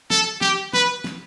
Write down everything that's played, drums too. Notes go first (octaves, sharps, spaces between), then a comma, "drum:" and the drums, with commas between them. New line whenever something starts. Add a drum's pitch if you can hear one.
A4, drum: snare
G4, drum: snare
B4, drum: snare
drum: snare